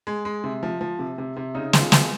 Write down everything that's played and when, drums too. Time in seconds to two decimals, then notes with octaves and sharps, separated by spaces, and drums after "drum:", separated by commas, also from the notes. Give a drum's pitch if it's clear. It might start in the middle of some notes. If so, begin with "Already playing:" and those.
0.07 G#3
0.25 G#3
0.44 C3
0.63 F3
0.81 F3
0.99 C3
1.18 C3
1.36 C3
1.55 C#3 D#4
1.73 G#3, drum: snare
1.81 F4
1.92 G#3, drum: snare